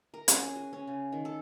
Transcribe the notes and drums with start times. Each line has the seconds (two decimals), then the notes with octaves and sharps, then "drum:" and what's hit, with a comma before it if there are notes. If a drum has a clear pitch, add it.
0.14 A#4
0.28 C#4, drum: hi-hat
0.42 G#4
0.56 F#4
0.73 C#4
0.87 C#3
1.12 D#3
1.25 A4